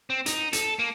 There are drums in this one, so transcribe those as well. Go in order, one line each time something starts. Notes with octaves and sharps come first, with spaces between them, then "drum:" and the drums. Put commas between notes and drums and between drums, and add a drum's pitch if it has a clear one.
C4
D#4, drum: hi-hat
A4, drum: hi-hat
A#3